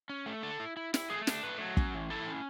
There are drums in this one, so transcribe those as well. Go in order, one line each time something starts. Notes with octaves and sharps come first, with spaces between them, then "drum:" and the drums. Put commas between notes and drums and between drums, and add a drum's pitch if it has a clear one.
C#4
A3
D3 A4
E4
E4
E4, drum: snare
A3 G#4
D4, drum: snare
A3 B4
F#3
C#4, drum: kick
E3
E4 A4
C#4